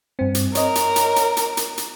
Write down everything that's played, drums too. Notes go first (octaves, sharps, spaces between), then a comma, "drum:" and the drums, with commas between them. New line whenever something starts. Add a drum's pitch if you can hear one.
G2 C4
drum: hi-hat
A#4 C#5 D#5, drum: hi-hat
drum: hi-hat
drum: hi-hat
drum: hi-hat
drum: hi-hat
drum: hi-hat
drum: hi-hat